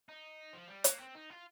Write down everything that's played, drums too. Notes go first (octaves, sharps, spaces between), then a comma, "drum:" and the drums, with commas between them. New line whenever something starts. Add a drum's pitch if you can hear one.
D#4
F3
G3
A#3, drum: hi-hat
C4
D#4
F4